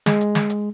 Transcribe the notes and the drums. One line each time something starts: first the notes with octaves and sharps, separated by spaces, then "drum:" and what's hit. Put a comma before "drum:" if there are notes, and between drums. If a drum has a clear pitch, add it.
G#3, drum: snare
drum: hi-hat
drum: snare
drum: hi-hat